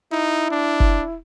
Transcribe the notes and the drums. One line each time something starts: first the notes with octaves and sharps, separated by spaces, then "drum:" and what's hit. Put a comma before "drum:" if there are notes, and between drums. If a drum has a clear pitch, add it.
D#4 E4
D4
drum: kick